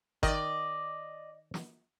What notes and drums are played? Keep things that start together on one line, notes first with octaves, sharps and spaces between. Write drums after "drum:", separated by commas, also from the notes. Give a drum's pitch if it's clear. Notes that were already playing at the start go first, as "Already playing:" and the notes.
D#3 D5 D#5, drum: kick G1
drum: snare